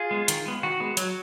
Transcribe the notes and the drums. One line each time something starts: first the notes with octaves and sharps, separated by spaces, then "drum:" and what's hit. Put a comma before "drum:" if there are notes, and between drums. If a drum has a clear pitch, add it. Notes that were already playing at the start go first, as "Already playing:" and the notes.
Already playing: F4 G#4
G#3 B3
D#3, drum: hi-hat
G#3 B3
D#3 F#4
G#3 B3
F#3, drum: hi-hat